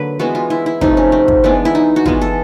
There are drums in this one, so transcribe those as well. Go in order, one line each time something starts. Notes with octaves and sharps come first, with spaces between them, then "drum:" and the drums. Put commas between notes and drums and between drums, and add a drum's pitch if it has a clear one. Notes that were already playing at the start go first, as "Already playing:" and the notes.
Already playing: D3 F#3 A#3 B4
E3 G#3 B3 F#4
F4
E4
E4
C3 F3 A3 D#4, drum: kick
C#4
C4
drum: kick
E3 G#3 B3 D4
E4
D#4
F#4
E3 G#3 B3 F4, drum: kick
A4